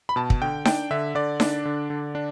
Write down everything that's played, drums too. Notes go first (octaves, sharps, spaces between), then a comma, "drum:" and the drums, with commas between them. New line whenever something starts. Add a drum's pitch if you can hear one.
B5
B2 A5
drum: kick
D3 G5
D4 G5, drum: snare D#4
D3 E5
D3 D5
D4, drum: snare D#4
D3
D3
D4